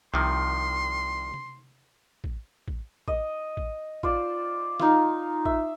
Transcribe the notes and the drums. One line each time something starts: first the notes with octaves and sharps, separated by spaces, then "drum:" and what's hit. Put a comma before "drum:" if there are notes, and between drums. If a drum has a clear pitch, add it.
C2 C3 D#3 F3 C6
drum: tom C3
drum: kick A1
drum: kick A1
D#5, drum: kick A1
drum: kick A1
F4 C5 D5, drum: kick A1
D#4 F4 F5, drum: snare
E5, drum: kick A1